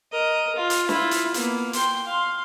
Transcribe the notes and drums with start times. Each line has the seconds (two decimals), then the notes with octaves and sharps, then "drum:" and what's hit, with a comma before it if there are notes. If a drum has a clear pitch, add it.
0.12 A#4 D#5
0.56 F4
0.70 drum: hi-hat
0.89 E4 F4, drum: snare
1.11 drum: hi-hat
1.34 A#3 B3, drum: hi-hat
1.73 G5 C6, drum: hi-hat
2.06 F5 C6